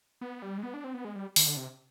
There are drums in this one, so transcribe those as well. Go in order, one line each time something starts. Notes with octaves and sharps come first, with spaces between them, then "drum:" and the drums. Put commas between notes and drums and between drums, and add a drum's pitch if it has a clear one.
B3
G3
G#3
B3
D4
C4
B3
G#3
G3
D#3, drum: open hi-hat
D3
C3